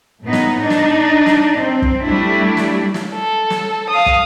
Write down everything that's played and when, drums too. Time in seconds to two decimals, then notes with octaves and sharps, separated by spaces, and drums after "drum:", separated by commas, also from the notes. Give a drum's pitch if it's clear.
0.22 A2 B3 D#4
0.33 drum: snare
0.59 D4 D#4
0.70 drum: snare
1.26 drum: snare
1.58 C4
1.82 drum: kick
2.03 G3 A3 D4 E4
2.57 drum: snare
2.94 drum: snare
3.13 A4
3.50 drum: snare
3.90 F5 D#6
4.06 drum: kick